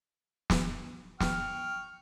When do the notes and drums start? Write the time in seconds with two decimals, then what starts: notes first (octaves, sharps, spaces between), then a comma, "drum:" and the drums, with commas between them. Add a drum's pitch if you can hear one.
0.50 drum: snare
1.20 G5 C#6 F6, drum: snare